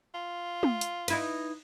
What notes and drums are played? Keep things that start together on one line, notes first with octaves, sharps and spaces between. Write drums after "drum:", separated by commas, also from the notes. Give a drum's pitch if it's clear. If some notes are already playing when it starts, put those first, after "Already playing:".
F4
drum: tom
drum: hi-hat
D#4 E4 B4, drum: cymbal